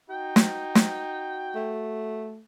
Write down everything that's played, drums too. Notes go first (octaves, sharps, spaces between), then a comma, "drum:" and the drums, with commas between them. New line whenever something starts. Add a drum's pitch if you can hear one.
D#4 F#4 G5
drum: snare
drum: snare
A3